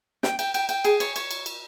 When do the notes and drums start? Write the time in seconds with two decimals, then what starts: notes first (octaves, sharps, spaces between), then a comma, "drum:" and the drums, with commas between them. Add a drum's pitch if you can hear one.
0.23 G5, drum: snare
0.39 G5, drum: cymbal
0.54 G5, drum: cymbal
0.69 G5, drum: cymbal
0.85 G#4, drum: cymbal
1.00 C#5, drum: cymbal
1.16 C#5, drum: cymbal
1.31 drum: cymbal
1.46 drum: cymbal